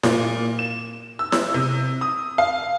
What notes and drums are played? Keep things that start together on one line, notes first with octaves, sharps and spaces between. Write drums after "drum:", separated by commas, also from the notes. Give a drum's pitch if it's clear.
A#2, drum: snare E4
E7
E6
drum: snare E4
C3
D#6
F5